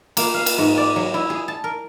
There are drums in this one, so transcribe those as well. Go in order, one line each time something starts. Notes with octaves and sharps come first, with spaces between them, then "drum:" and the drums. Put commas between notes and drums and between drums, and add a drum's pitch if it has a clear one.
A#3, drum: cymbal
F5
drum: cymbal
G#2
D5
F#3
E4
G#4
A5
A#4